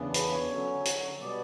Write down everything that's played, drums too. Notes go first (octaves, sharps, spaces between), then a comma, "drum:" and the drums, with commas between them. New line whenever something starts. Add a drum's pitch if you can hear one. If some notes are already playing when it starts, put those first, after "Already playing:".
Already playing: E2 C#3 E3 B3 D4
B4, drum: hi-hat
C#5
D3 F#3 C#4
drum: hi-hat
B2 G3 B3 D5